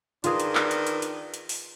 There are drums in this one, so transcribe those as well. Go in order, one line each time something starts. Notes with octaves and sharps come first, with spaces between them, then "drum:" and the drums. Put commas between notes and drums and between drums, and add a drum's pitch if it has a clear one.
D#3 D4 F4 G#4 B4, drum: hi-hat
drum: hi-hat
drum: clap
drum: hi-hat
drum: hi-hat
drum: hi-hat
drum: hi-hat
drum: open hi-hat